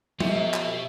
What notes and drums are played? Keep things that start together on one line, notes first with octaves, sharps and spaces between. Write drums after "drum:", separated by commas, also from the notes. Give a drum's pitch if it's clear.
F2 B2 G4 E5, drum: tom
drum: clap